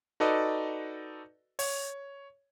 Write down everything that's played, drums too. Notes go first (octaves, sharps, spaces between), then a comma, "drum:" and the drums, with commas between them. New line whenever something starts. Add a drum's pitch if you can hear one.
D#4 F#4 A4 B4 D5 D#5
C#5, drum: open hi-hat